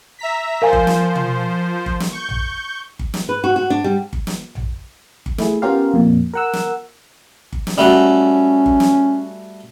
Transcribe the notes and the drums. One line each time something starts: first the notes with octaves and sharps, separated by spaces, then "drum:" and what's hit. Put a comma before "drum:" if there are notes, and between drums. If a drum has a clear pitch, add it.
E5 A#5 B6
F3 A#4 C5 F5 G#5
drum: kick G1
drum: snare
drum: tom
drum: kick G1
drum: snare
C#6 G6
drum: tom A#1
drum: kick G1
drum: snare
B4
F#4
F#4
D4
G3
drum: kick G1
drum: snare
drum: tom A#1
drum: kick G1
A3 E4 G#4, drum: snare
B3 C#4 F4 G4 A#4 F5
F2 A#2
A#4 F#5 E6
drum: snare
drum: kick G1
drum: snare
G3 A3 C#4 F#4
drum: kick G1
drum: snare